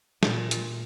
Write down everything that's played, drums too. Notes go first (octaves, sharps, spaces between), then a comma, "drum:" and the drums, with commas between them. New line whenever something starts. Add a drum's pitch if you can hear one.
A#2, drum: snare
drum: hi-hat